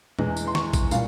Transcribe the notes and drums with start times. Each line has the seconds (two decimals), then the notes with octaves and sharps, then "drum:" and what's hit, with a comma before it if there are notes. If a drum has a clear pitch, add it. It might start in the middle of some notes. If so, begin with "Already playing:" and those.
0.19 E2 E3 G#3, drum: tom A#2
0.37 drum: tambourine
0.47 C6
0.55 C#6, drum: snare
0.73 drum: kick A#1, tambourine
0.91 A#2 G3 F5, drum: tambourine